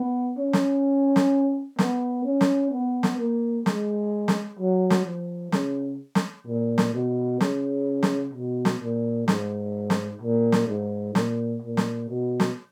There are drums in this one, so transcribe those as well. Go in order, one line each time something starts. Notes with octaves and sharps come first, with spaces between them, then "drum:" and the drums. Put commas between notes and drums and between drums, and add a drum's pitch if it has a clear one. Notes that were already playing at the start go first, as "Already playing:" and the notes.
Already playing: B3
C#4
drum: snare
drum: snare
B3, drum: snare
C#4
drum: snare
B3
drum: snare
A#3
G#3, drum: snare
drum: snare
F#3
drum: snare
F3
C#3, drum: snare
drum: snare
A#2
drum: snare
B2
C#3, drum: snare
drum: snare
B2
drum: snare
A#2
G#2, drum: snare
drum: snare
A#2
drum: snare
G#2
A#2, drum: snare
A#2
drum: snare
B2
drum: snare